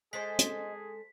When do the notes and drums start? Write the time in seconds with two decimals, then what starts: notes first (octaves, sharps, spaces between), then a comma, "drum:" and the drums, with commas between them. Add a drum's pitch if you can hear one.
0.13 G#3 G#4 A4 C5 D#5 B6
0.39 drum: hi-hat